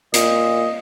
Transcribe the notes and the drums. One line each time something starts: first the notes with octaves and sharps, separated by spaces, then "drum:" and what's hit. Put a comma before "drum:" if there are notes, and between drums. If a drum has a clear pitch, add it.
A#2 D#5, drum: hi-hat